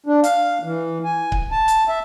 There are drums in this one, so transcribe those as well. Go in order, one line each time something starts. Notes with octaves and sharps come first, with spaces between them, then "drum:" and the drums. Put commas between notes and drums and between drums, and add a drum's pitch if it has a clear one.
D4
F5, drum: hi-hat
E3
G#5
drum: kick C#1
A5
drum: hi-hat
E5